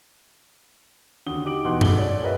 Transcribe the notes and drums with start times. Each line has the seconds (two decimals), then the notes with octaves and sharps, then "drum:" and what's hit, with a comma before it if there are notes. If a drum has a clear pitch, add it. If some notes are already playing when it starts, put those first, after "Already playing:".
1.26 D#2 D3 F#4 D#6 G7
1.45 D#4 G4 D6 D7 F#7
1.65 E2 B2 D#4 F#5 C6
1.81 G#2 A3 G#4 F#7 G7, drum: tom F#2
1.97 C#5 D5
2.22 F#4 G#4 A#4 B4 D#5 E5